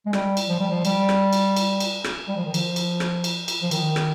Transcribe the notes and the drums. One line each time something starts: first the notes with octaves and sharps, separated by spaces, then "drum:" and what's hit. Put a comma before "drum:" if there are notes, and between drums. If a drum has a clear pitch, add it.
G#3
G3, drum: rim click
drum: cymbal
F3
G3
F3
G3, drum: cymbal
drum: rim click
drum: cymbal
drum: cymbal
drum: cymbal
drum: rim click
G3
F3
D#3
F3, drum: cymbal
drum: cymbal
drum: rim click
drum: cymbal
drum: cymbal
F3
D#3, drum: cymbal
drum: rim click